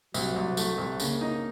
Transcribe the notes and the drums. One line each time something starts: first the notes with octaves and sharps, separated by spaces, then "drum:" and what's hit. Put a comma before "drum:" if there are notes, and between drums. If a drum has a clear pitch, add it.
C2 F#3, drum: tambourine
C2
A3, drum: tambourine
C2
C#3 A#3, drum: tambourine
D#4